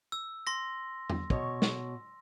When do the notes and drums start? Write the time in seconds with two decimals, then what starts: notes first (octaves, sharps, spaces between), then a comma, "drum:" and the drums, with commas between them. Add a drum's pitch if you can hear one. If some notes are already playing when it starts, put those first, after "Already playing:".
0.12 E6
0.47 C6 A#6
1.10 drum: tom E2
1.30 B2 C#5, drum: kick
1.62 drum: snare